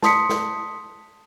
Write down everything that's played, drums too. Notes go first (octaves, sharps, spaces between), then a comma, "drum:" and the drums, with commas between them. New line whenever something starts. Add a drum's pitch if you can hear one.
A5 C6 D#6 B6 C#7, drum: snare
drum: snare